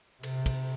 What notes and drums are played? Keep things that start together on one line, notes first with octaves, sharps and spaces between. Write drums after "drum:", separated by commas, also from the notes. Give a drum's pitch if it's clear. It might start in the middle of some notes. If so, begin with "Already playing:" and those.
C3, drum: cymbal
drum: kick, cymbal